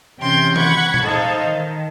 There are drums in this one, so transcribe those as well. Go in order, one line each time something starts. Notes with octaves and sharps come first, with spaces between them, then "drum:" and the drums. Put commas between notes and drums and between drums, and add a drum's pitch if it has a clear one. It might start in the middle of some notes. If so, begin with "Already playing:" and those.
C3 E3 C#4 G5 C6 G6
F#5 B5 C#6 G#6, drum: tom D#3
drum: tom
D#4 A4 C5 D#5 F5
D#3